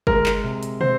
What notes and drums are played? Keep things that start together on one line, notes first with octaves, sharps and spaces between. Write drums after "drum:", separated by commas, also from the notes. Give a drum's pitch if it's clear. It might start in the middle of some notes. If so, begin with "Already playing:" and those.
G#3 A#4, drum: kick G1
drum: clap
C3
drum: hi-hat
C4 C5, drum: tom